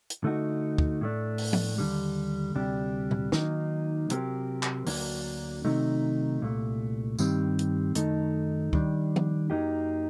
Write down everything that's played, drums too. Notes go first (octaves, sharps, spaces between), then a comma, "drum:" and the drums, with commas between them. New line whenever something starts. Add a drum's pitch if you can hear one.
drum: hi-hat
D3 A3 D#4 F#4
drum: kick
A2 A3 D4
drum: open hi-hat
drum: tom
D#2 D3 G3
D2 C3 G3 D4 G4
drum: tom A#2
D#3 F#3 A#3 D#4, drum: snare
C3 F#3 C4 G4 A#4, drum: hi-hat
drum: clap
D2 D3 F#3 A#3 D4, drum: open hi-hat
C3 D#3 F#3 A3 D#4
C2 A#2 A3
G2 D#3 G3 C4 G4, drum: tambourine
drum: hi-hat
F#2 D#3 A3 D#4 A4, drum: hi-hat
D#3 G3 D4, drum: kick
drum: tom
F#2 F#3 A#3 D#4 G4